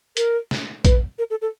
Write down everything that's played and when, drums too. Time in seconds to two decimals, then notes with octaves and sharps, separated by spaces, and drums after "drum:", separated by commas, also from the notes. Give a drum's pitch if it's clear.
0.17 A#4, drum: hi-hat
0.51 drum: snare
0.85 B4, drum: kick A#1, hi-hat
1.19 A#4
1.30 A4
1.42 A4